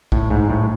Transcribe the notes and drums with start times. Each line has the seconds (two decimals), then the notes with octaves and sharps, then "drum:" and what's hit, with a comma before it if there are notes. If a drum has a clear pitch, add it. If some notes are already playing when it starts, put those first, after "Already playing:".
0.12 A2, drum: kick
0.30 G#2
0.50 A2